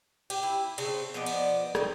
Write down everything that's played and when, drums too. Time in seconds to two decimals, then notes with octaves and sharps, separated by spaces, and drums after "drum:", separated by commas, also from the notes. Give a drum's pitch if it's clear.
0.30 G4, drum: cymbal
0.43 E4
0.78 C#3 C4 C5 A5, drum: cymbal
1.14 F3 B3 D5 D#5
1.26 drum: cymbal
1.75 C4 D#4 G#4, drum: rim click